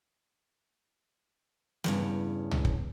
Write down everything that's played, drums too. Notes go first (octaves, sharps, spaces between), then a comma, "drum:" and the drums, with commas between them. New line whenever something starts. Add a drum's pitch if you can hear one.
E2 G2 C#3, drum: snare
drum: tom
drum: kick